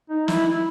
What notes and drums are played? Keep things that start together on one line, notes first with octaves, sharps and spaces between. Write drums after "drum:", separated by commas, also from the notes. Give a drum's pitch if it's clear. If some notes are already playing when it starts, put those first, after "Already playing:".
D#4
E4, drum: snare
E4